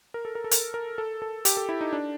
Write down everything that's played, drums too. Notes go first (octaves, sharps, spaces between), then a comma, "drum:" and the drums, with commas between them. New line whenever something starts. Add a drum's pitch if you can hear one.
A#4
A4
A#4
A4
A#4, drum: hi-hat
A#4
A4
A4
G4, drum: hi-hat
A4
E4
D#4
D4